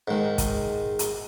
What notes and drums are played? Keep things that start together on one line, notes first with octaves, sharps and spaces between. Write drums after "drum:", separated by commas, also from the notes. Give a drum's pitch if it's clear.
G#2 D#3 G#3
drum: kick, hi-hat
drum: hi-hat